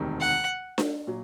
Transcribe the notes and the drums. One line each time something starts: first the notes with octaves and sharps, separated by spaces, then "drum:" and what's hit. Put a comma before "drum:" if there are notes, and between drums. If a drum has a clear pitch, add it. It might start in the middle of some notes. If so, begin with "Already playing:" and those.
Already playing: E1 D2 C3 D#3 G3
F#5
drum: snare D4
A#2 F#3